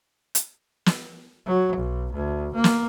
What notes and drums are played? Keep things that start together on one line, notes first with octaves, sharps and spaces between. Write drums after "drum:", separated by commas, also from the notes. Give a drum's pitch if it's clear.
drum: hi-hat
drum: snare
F#3
B1
D2
A#3
drum: snare